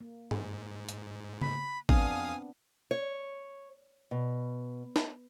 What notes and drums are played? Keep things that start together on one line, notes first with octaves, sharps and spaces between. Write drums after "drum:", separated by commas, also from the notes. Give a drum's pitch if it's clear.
A#3
G#2, drum: tom G2
drum: hi-hat
B5, drum: tom C#3
F2 B3 C4 D4 F5 G#5 D#6, drum: kick
C#5
B2
drum: snare